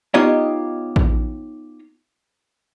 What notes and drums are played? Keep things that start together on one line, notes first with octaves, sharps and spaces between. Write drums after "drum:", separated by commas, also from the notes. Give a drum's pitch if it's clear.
B3 D#4 F4 G4 C#5 D#5
drum: kick A#1